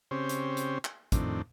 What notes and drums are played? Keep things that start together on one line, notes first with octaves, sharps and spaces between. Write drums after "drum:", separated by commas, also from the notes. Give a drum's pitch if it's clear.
C#3 C4 C#4 G4 C5
drum: hi-hat
drum: hi-hat
drum: clap
F2 A2 D#3 C4 D4, drum: kick, hi-hat